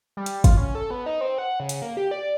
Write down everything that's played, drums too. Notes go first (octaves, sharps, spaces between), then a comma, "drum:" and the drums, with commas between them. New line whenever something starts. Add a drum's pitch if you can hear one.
G3
drum: hi-hat
F4, drum: kick, hi-hat
C#4
A4
B3
D#4
C4
F#5
C#3
drum: hi-hat
A#3
G4
D5